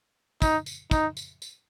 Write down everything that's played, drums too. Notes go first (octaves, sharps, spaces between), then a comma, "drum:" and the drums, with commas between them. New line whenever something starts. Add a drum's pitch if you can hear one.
D#4, drum: kick, tambourine
drum: tambourine
D#4, drum: kick, tambourine
drum: tambourine
drum: tambourine